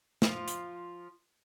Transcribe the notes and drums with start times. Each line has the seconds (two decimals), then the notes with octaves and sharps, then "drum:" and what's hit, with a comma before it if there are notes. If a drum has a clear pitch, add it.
0.22 F3 F4, drum: snare
0.48 drum: hi-hat